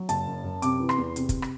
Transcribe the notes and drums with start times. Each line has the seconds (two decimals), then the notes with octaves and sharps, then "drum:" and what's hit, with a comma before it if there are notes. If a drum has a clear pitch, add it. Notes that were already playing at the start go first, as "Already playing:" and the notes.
Already playing: F#3
0.09 F#1 A5, drum: hi-hat
0.27 F#2
0.44 F#2
0.62 C3 D6, drum: hi-hat
0.80 E3
0.89 C6, drum: rim click
0.98 E2
1.16 C3, drum: hi-hat
1.29 drum: kick, hi-hat
1.42 drum: rim click